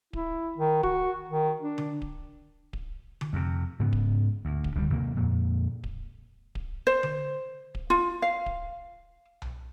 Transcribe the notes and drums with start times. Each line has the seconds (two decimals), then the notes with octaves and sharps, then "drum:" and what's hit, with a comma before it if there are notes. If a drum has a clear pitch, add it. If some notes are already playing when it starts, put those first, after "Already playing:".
0.13 E4, drum: kick D1
0.58 D#3
0.83 F#4, drum: kick D1
1.29 D#3
1.62 D4
1.78 drum: tom D3
2.02 drum: kick D1
2.73 drum: kick D1
3.21 drum: tom D3
3.33 F2 C3
3.80 G#2 C#3 B3
3.93 drum: kick D1
4.45 D2
4.64 drum: kick D1
4.75 C#2 D3 G3
4.90 D#2 C3 A#3
5.16 F2 A#2
5.84 drum: kick D1
6.55 drum: kick D1
6.87 C5
7.03 drum: tom D3
7.75 drum: kick D1
7.90 F4
8.22 F5
8.46 drum: kick D1
9.42 drum: tom B1